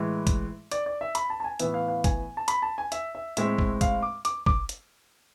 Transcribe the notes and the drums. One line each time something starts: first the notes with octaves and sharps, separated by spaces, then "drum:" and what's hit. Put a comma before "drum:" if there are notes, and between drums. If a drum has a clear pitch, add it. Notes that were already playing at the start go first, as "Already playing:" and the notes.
Already playing: A2 E3 G#3
drum: kick, hi-hat
D5, drum: hi-hat
D5
E5
B5, drum: hi-hat
A5
A5
G#5
A2 E3 B3 E5, drum: hi-hat
F5
F5
G#5, drum: kick, hi-hat
A5
B5, drum: hi-hat
A5
G#5
E5, drum: hi-hat
E5
A2 G#3 C4 E5, drum: hi-hat
drum: kick
F5, drum: kick, hi-hat
D6
D6, drum: hi-hat
D6, drum: kick
drum: hi-hat